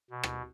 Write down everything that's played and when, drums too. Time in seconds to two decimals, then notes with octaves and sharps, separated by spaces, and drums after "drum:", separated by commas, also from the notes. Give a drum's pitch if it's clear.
0.10 B2
0.23 drum: rim click